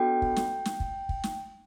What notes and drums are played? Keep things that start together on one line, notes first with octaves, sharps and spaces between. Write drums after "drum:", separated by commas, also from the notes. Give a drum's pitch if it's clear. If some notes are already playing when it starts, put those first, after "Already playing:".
Already playing: B3 D4 F#4 A4 G5
drum: kick
drum: snare
drum: snare
drum: kick
drum: kick
drum: snare